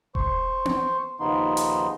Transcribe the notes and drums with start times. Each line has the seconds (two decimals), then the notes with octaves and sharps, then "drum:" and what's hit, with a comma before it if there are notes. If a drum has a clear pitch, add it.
0.15 C5 C#6, drum: kick E1
0.65 drum: tom B3
1.20 D#2 C#3 F3 B3 D#4 C6
1.57 drum: hi-hat